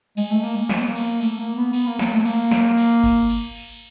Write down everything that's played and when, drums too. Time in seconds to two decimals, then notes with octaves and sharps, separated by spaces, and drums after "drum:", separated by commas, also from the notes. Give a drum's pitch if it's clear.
0.17 G#3, drum: cymbal
0.31 A3
0.44 A#3, drum: cymbal
0.56 G#3
0.69 A#3, drum: snare
0.77 B3
0.86 A#3
0.95 drum: cymbal
1.21 A3, drum: cymbal
1.39 A#3
1.56 B3
1.73 B3, drum: cymbal
1.87 A#3
1.99 A#3, drum: snare
2.13 A3
2.25 A#3, drum: cymbal
2.51 drum: snare
2.77 drum: cymbal
3.03 drum: kick G1, cymbal
3.29 drum: cymbal
3.55 drum: cymbal